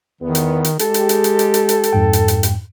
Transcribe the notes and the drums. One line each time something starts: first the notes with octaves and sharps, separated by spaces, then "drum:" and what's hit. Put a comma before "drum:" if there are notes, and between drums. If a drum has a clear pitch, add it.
E2 D#3 B3
drum: hi-hat
drum: hi-hat
G#3 G4 A4, drum: hi-hat
drum: hi-hat
drum: hi-hat
drum: hi-hat
drum: hi-hat
drum: hi-hat
drum: hi-hat
drum: hi-hat
F2 G#2 G5
drum: hi-hat
drum: hi-hat
drum: hi-hat